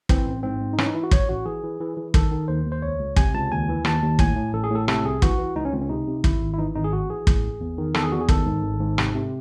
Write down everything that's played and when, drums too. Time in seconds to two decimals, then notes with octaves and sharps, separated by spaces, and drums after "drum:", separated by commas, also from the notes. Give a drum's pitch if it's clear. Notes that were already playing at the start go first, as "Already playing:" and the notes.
0.09 E3 C4, drum: kick
0.26 A1
0.43 G#2 C4
0.61 G#2
0.73 D#4
0.78 E3 C#4, drum: rim click
0.86 D#4
0.94 E3 E4
1.03 F#4
1.11 A1 C#5, drum: kick
1.29 A1 F#4
1.46 E3 G#4
1.64 E3
1.80 E3
1.97 E3
2.14 D#3 A4, drum: kick
2.31 D#3
2.48 D#2 C5
2.66 D#2
2.72 C5
2.82 C#2 C#5
3.00 C#2
3.16 C3 G#5, drum: kick
3.34 C#2 A5
3.52 D#2 G#5
3.69 E3
3.85 D#2 A5, drum: rim click
4.03 D#2
4.19 A2 G#5, drum: kick
4.36 A2
4.53 A1 A4
4.64 G#4
4.70 A2
4.75 A4
4.88 C3 A4, drum: rim click
5.04 C2 G#4
5.22 E3 F#4, drum: kick
5.39 E3
5.56 C#2 D#4
5.65 C#4
5.72 C#2 C4
5.82 C#4
5.89 C3 D#4
6.08 C3
6.24 G#1 E4, drum: kick
6.41 G#1
6.54 E4
6.59 E3 D#4
6.75 G#1 D#4
6.84 G#4
6.93 A1 F#4
7.10 E3 G#4
7.27 A2, drum: kick
7.43 A1
7.61 E2
7.78 D#3
7.94 E2 A4, drum: rim click
8.03 G#4
8.12 E2 F#4
8.21 G#4
8.29 D#3 A4, drum: kick
8.46 G#2
8.63 G#1
8.80 G#2
8.98 C3, drum: rim click
9.15 C3